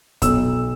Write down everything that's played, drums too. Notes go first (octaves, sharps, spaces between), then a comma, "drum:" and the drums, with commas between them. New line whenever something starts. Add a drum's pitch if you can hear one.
B1 E6, drum: kick, hi-hat